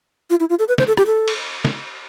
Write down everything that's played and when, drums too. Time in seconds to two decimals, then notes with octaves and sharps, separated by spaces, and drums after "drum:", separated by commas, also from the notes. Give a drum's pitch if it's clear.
0.30 F4
0.40 E4
0.49 F4
0.59 A4
0.68 B4
0.78 C5, drum: snare
0.87 A4
0.97 G4, drum: rim click
1.06 A4
1.28 drum: cymbal
1.65 drum: snare